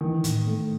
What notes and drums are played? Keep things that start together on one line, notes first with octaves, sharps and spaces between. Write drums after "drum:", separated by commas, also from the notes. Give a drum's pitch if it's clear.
D#3 E3
A2, drum: hi-hat
A3